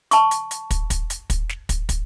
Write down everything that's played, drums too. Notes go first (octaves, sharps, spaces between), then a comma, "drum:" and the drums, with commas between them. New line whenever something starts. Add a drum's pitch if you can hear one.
A5 C#6, drum: hi-hat
drum: hi-hat
drum: hi-hat
drum: kick, hi-hat
drum: kick, hi-hat
drum: hi-hat
drum: kick, hi-hat
drum: snare
drum: kick, hi-hat
drum: kick, hi-hat